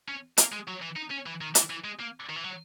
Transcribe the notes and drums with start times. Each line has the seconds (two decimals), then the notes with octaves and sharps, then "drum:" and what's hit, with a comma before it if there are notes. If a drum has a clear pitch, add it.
0.09 C#4
0.38 A#3, drum: hi-hat
0.52 G#3
0.67 F#3
0.82 E3
0.96 D#4
1.10 C#4
1.26 E3
1.41 D#3
1.55 E3, drum: hi-hat
1.70 E3
1.84 G#3
2.00 A#3
2.29 D#3
2.36 E3
2.44 F#3